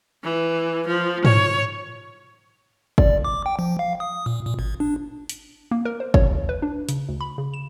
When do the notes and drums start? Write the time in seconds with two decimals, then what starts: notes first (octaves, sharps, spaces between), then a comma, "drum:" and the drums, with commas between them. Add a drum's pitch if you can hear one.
0.23 E3
0.87 F3
1.25 C#5, drum: tom G#2
2.98 D5, drum: kick
3.25 D6
3.46 G5
3.59 F3
3.79 F5
4.00 D#6
4.26 A#2
4.46 A#2
4.59 G#1
4.80 D4
5.29 drum: hi-hat
5.71 A#3
5.85 A#4
6.00 C5
6.14 C#5, drum: kick
6.30 D#2
6.49 B4
6.62 D4
6.89 C#3, drum: hi-hat
7.09 D2
7.21 B5
7.38 C#3
7.54 E7